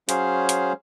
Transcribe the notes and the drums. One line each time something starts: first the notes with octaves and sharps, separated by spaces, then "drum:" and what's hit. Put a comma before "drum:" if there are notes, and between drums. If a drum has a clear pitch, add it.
F#3 C#4 G#4 C5 F5, drum: hi-hat
drum: hi-hat